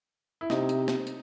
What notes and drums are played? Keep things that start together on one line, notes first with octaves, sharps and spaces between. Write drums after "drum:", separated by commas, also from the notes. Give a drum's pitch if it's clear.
E4
C3 D#4, drum: snare
drum: hi-hat
drum: snare
drum: hi-hat